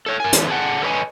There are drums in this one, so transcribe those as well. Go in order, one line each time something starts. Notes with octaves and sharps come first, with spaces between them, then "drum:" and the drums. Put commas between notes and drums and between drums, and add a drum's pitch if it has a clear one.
A4 C#5
A#4 G#5
D3 E3 B3 C4, drum: hi-hat
G#4 A4 F#5
A4 B4 C#5 D#5 G#5